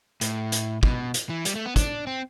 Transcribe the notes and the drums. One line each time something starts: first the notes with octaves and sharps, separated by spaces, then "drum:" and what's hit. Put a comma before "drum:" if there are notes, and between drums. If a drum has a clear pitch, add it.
A2, drum: hi-hat
drum: hi-hat
B2, drum: kick
drum: hi-hat
E3
G3, drum: hi-hat
A3
B3
D4, drum: kick, hi-hat
C4